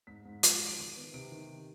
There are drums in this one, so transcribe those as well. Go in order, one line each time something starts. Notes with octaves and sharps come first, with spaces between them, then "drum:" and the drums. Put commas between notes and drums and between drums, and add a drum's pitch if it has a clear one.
G#2 B6
G#2
F3 B6, drum: hi-hat
C7
F3
D7
D#3 D#7
B3
C3 D7
D#3